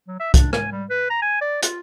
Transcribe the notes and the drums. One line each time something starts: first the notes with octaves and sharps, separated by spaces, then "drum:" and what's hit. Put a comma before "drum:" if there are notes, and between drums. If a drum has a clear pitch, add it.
F#3
E5
D4, drum: kick, hi-hat
G#5, drum: rim click
G3
B4
A#5
G#5
D5
F4, drum: hi-hat